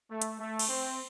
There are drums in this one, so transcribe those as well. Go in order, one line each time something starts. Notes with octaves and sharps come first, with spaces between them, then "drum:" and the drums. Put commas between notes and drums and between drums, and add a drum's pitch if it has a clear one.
A3
drum: hi-hat
A3
drum: cymbal
C4